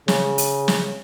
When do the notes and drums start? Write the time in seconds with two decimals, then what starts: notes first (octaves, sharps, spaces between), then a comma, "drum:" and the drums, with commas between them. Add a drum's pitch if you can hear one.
0.08 C#3, drum: snare
0.38 drum: hi-hat
0.68 drum: snare